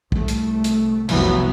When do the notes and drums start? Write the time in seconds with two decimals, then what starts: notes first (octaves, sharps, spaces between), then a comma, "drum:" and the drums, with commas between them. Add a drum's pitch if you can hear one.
0.12 C2 A3, drum: kick
0.28 drum: hi-hat
0.64 drum: hi-hat
1.09 F1 C2 C3 E3 F#3 B3, drum: cymbal